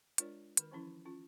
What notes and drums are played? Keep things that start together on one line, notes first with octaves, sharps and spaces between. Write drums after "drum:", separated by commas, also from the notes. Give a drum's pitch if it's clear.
G#3 D4 F4 A#4 C#5 D5, drum: hi-hat
D#3 A#4, drum: hi-hat
E3 F3 C#4 E4
C#4 F4